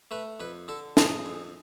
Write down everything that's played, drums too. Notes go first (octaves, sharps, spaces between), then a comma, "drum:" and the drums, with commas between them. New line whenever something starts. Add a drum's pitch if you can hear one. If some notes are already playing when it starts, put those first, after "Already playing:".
A3 B4
F2 B4
D3 A4
F3 G#4, drum: snare
F2